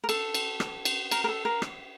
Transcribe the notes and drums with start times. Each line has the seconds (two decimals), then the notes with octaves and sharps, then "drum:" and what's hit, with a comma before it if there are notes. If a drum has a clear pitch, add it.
0.04 A#4
0.09 A4, drum: cymbal
0.34 drum: cymbal
0.60 drum: rim click
0.85 drum: cymbal
1.11 A#4, drum: cymbal
1.24 A#4
1.28 A4
1.45 A#4
1.62 drum: rim click